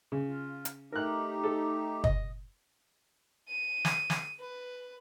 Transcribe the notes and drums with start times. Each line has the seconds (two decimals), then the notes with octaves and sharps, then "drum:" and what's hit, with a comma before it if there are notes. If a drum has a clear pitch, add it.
0.12 C#3
0.28 F4
0.65 drum: hi-hat
0.92 A3 D#4 G4 A#4 F#6
1.44 A4
2.04 D#5, drum: kick
3.49 D#7
3.85 drum: snare
4.10 drum: snare
4.39 B4